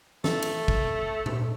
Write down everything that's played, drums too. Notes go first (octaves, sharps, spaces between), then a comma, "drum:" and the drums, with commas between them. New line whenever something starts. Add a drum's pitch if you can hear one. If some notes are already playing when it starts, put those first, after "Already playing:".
A3, drum: snare
drum: cymbal
drum: kick
drum: tom A#2